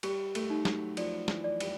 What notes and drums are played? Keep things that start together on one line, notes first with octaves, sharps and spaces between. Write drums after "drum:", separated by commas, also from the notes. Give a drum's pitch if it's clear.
G3 G4, drum: cymbal
A3, drum: cymbal
D#4
F#3, drum: snare
F3 D5, drum: cymbal
E3, drum: snare
D5
G3, drum: cymbal